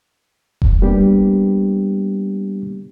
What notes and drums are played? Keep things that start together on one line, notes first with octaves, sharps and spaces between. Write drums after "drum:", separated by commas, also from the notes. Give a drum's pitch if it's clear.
drum: kick E1
G3 A#3 B3 D4 G4